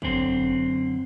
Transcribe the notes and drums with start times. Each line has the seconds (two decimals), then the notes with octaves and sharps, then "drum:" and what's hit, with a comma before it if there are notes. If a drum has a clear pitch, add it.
0.02 F#2 D3 C4, drum: kick